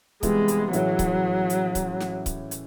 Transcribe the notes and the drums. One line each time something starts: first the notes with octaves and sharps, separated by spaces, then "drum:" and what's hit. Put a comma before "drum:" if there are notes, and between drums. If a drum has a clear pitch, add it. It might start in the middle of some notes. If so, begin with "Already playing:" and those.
C3 E3 G3 G#3 B3 E4, drum: kick C#1, hi-hat
drum: hi-hat
A2 E3 F#3 G#3 C#4 E4, drum: hi-hat
drum: kick C#1, hi-hat
drum: hi-hat
drum: kick C#1, hi-hat
drum: snare
drum: kick C#1, hi-hat
drum: hi-hat